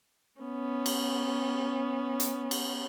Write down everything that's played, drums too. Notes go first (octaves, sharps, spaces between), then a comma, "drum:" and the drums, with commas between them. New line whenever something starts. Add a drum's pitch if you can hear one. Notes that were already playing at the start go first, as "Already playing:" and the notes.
B3 C#4
drum: cymbal
drum: hi-hat
drum: cymbal